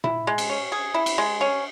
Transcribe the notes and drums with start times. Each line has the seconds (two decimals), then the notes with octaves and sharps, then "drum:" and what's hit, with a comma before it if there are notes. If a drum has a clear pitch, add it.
0.04 E4, drum: tom A#2
0.27 G#3
0.38 drum: cymbal
0.50 C#4
0.72 G#4
0.94 E4
1.06 drum: cymbal
1.18 G#3
1.41 C#4